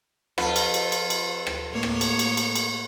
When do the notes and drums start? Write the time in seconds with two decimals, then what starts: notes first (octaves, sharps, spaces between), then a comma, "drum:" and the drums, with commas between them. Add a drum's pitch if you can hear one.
0.38 F2 F4 B4, drum: rim click
0.56 drum: cymbal
0.74 drum: cymbal
0.92 drum: cymbal
1.10 drum: cymbal
1.47 drum: rim click
1.71 A2 A#3 C#5
1.83 drum: rim click
2.01 drum: cymbal
2.19 drum: cymbal
2.37 drum: cymbal
2.56 drum: cymbal